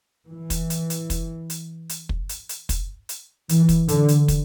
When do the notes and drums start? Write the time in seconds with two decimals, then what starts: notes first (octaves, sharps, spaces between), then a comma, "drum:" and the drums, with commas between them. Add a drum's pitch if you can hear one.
0.30 E3
0.50 drum: kick, hi-hat
0.70 drum: hi-hat
0.90 drum: hi-hat
1.10 drum: kick, hi-hat
1.50 drum: hi-hat
1.89 drum: hi-hat
2.09 drum: kick
2.29 drum: hi-hat
2.49 drum: hi-hat
2.69 drum: kick, hi-hat
3.09 drum: hi-hat
3.49 E3, drum: hi-hat
3.69 drum: kick, hi-hat
3.88 D3, drum: hi-hat
4.08 drum: hi-hat
4.28 drum: kick, hi-hat